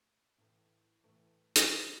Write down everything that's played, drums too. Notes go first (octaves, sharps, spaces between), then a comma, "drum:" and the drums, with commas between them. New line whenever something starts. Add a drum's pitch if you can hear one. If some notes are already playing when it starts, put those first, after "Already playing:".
Already playing: A3
A2 E3 A3
A2 E3 A3
drum: hi-hat
G3 C4 G4